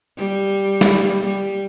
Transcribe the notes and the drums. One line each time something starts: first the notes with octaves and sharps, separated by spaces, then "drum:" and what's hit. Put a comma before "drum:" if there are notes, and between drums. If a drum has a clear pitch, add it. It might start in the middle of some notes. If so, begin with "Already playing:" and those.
G3
drum: snare
G3